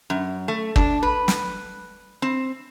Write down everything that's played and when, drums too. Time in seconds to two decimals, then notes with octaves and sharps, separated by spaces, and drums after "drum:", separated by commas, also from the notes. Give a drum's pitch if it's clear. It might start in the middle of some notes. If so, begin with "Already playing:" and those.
0.10 F#2
0.48 A3
0.76 D4, drum: kick
1.03 B4
1.28 drum: snare
2.22 C4